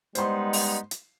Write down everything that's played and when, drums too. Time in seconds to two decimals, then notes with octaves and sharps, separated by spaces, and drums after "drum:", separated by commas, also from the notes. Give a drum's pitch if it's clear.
0.15 G3 G#3 B3 D#4 C5 C6, drum: hi-hat
0.53 drum: open hi-hat
0.91 drum: hi-hat